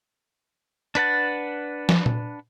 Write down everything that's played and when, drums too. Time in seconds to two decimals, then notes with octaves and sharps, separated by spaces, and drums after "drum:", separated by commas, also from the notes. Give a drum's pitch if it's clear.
0.95 D4 B4 F#5 A5, drum: hi-hat
1.89 drum: snare
2.06 drum: tom A#2